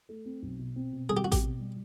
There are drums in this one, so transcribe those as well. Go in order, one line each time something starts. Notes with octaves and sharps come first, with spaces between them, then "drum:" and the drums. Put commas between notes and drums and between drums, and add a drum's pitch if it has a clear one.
A3
C4
B1
B2
C4
B2
C4 G#4
G4
C4 F#4
G4, drum: kick A1, hi-hat
B2
G3